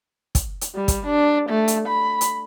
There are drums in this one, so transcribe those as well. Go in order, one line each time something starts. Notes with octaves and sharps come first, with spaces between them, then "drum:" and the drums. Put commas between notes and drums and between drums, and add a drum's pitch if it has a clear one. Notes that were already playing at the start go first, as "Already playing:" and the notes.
drum: kick, hi-hat
drum: hi-hat
G3
drum: kick, hi-hat
D4
A3
drum: hi-hat
B5
drum: hi-hat